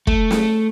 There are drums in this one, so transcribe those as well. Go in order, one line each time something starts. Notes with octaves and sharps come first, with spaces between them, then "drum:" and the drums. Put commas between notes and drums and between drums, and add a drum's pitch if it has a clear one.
A3, drum: kick
drum: snare